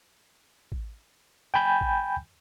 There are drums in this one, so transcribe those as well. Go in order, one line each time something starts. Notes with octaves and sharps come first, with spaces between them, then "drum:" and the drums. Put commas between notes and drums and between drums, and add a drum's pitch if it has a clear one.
drum: kick A1
G5 G#5 B5 G6
drum: kick A1